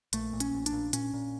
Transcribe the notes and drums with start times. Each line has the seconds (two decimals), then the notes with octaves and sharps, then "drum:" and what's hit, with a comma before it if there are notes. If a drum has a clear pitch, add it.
0.13 A#1 A3, drum: hi-hat
0.33 A#2
0.40 C#4, drum: hi-hat
0.53 A#1
0.66 D4, drum: hi-hat
0.73 A#2
0.93 A#2 C#4, drum: hi-hat
1.14 A#2